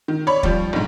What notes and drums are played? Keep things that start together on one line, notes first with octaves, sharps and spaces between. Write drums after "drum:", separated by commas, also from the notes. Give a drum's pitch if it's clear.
D#3
C#5 D5 B5 C#6
F3 G3, drum: kick
B1 G#2